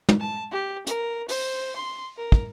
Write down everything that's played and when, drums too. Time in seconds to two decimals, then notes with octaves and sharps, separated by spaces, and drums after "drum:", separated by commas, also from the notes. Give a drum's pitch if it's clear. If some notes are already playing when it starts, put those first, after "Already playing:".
0.09 drum: tom
0.20 A5
0.52 G4
0.87 A#4, drum: hi-hat
1.29 C5, drum: open hi-hat
1.76 C6
2.17 A#4
2.32 drum: kick